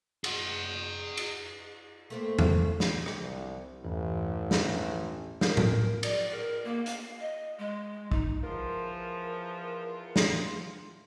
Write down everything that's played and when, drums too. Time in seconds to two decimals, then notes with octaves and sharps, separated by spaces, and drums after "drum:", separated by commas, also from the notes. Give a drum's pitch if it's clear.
0.24 G#4 F#5, drum: cymbal
1.17 drum: cymbal
2.10 A3 A#3 C4
2.39 drum: tom
2.80 drum: snare
3.06 drum: rim click
3.20 C2
3.84 A1 E2 G2 E3
4.51 drum: snare
5.41 A#4, drum: snare
5.57 drum: tom A2
6.03 D5, drum: cymbal
6.32 A#4
6.65 A#3
6.86 F5, drum: hi-hat
7.20 D#5
7.58 G#3
8.12 D#4, drum: kick
8.43 E2 F3 F4 A#4
10.16 drum: snare